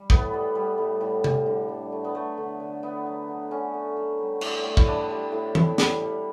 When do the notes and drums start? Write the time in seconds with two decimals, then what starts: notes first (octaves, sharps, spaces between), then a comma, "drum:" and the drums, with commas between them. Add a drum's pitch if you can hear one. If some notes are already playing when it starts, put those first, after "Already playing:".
Already playing: G3
0.10 A2 B3, drum: kick
0.34 G3
0.55 G3
0.78 A2
1.01 A2
1.24 G3, drum: tom C3
1.46 D3
1.69 D3
1.92 A3
2.04 B3
2.15 F#3 A3
2.37 D3
2.60 D3
2.83 A3 B3
3.06 F#3
3.28 D3
3.51 D3 C#4
3.74 A3
3.97 F#3
4.19 G3
4.41 A2, drum: cymbal
4.64 A2
4.77 E4, drum: kick
4.88 G3 D4
5.10 G3
5.32 A2
5.55 A2 E4, drum: tom E3
5.78 G3, drum: snare
6.00 G3